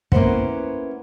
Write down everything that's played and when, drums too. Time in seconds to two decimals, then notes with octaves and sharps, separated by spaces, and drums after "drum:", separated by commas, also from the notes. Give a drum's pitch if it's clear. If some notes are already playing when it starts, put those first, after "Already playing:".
0.12 A#3 B3 C#4 E4 C5 F#5, drum: kick